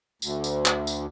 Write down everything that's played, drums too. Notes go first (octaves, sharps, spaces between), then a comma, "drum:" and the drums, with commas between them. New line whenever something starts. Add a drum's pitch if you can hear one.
D2, drum: tambourine
drum: tambourine
drum: clap
drum: tambourine